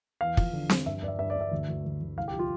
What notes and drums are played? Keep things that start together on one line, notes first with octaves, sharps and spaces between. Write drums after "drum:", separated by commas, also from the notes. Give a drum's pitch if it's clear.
E2 F5
F3, drum: kick
D3
F3, drum: snare C4
G2 E5
G2 D5
E5
G2 E5
D5
G2
E5
D2
D2
D2
D2
C2 F5
G4
F3
F4